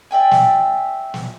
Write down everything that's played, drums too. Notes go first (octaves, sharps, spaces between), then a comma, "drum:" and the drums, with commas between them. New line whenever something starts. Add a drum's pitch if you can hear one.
D5 E5 G5 G#5
drum: snare
drum: snare